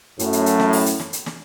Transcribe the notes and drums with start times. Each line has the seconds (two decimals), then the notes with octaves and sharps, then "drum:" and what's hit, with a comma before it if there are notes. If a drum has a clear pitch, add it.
0.19 F#2 A2, drum: hi-hat
0.33 drum: hi-hat
0.46 drum: hi-hat
0.59 drum: snare
0.73 drum: open hi-hat
0.86 drum: hi-hat
0.99 drum: snare
1.13 drum: hi-hat
1.26 drum: snare